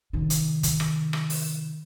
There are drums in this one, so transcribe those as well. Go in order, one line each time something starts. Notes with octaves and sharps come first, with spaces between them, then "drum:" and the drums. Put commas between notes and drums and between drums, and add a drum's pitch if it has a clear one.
C3 D#3
drum: hi-hat
drum: kick, hi-hat
drum: rim click
drum: rim click
drum: open hi-hat